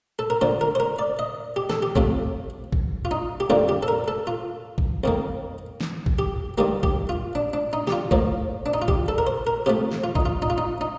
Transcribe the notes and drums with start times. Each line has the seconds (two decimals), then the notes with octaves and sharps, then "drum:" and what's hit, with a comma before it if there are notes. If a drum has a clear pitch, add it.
0.19 A4
0.30 A#4
0.41 D3 F3 A#3 C5
0.61 A#4
0.75 C5
0.80 A#4
0.99 D5
1.19 D#5
1.56 G4
1.70 A4, drum: snare
1.82 G4
1.96 C3 F3 A3 C4, drum: kick
2.72 drum: kick
3.05 F4
3.11 D#4
3.40 G4
3.50 F2 D3 G3 A#3 F4
3.69 G4
3.83 A4
3.88 A#4
4.08 A4
4.27 F4
4.78 drum: kick
5.04 F2 D#3 A#3
5.81 drum: snare
6.06 drum: kick
6.19 G4
6.58 G2 D#3 A#3 G4
6.83 G4, drum: kick
7.09 F4
7.35 D4
7.53 D4
7.73 D#4
7.87 G4, drum: snare
7.92 F4
8.11 A2 F3 A#3, drum: kick
8.66 D4
8.74 D#4
8.82 F4
8.88 G4, drum: kick
9.08 A4
9.18 A#4
9.27 C5
9.47 A#4
9.66 C3 F3 A3 G4
9.91 drum: snare
10.04 F4
10.15 D#4, drum: kick
10.25 F4
10.42 D#4
10.50 F4
10.58 D#4
10.81 D#4